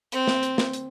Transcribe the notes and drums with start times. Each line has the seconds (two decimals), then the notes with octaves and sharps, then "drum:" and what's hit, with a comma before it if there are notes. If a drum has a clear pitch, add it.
0.12 C4, drum: hi-hat
0.28 drum: snare
0.43 drum: hi-hat
0.58 drum: snare
0.73 drum: hi-hat